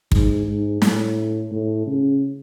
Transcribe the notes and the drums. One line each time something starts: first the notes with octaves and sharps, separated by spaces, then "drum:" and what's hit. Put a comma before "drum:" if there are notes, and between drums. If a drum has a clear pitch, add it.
G#2, drum: kick
G#2
A2, drum: snare
A2
C#3